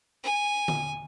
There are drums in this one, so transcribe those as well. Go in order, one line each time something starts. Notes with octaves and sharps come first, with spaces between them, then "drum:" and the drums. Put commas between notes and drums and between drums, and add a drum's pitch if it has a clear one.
G#5
drum: tom D3